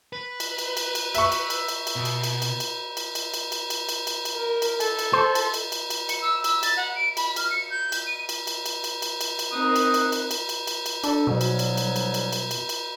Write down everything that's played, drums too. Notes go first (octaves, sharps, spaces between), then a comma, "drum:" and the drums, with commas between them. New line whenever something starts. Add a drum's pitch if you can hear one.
B4
drum: cymbal
drum: cymbal
drum: cymbal
drum: cymbal
E5 C#6, drum: cymbal
drum: cymbal
drum: cymbal
drum: cymbal
drum: cymbal
B2
drum: cymbal
drum: cymbal
drum: cymbal
drum: cymbal
drum: cymbal
drum: cymbal
drum: cymbal
drum: cymbal
drum: cymbal
drum: cymbal
drum: cymbal
drum: cymbal
A#4
drum: cymbal
A4, drum: cymbal
drum: cymbal
C5
drum: cymbal
drum: cymbal
drum: cymbal
drum: cymbal
C#7, drum: cymbal
E6
E6, drum: cymbal
A6, drum: cymbal
F#5
D7
B5, drum: cymbal
F6, drum: cymbal
C#7
G6
drum: cymbal
D#7
drum: cymbal
drum: cymbal
drum: cymbal
drum: cymbal
drum: cymbal
drum: cymbal
drum: cymbal
C4 D#4 A#4 D#6 F#6
drum: cymbal
drum: cymbal
drum: cymbal
drum: cymbal
drum: cymbal
drum: cymbal
drum: cymbal
D4 A4, drum: cymbal
G#2 B2 F#3 G3
drum: cymbal
drum: cymbal
drum: cymbal
drum: cymbal
drum: cymbal
drum: cymbal
drum: cymbal
drum: cymbal